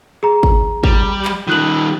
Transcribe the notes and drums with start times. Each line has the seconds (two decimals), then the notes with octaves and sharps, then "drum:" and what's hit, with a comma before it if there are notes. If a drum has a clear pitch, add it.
0.23 G#4 A#5
0.43 drum: kick
0.84 G3, drum: kick
1.25 drum: clap
1.48 D#3 G3 F4 F#6 F#7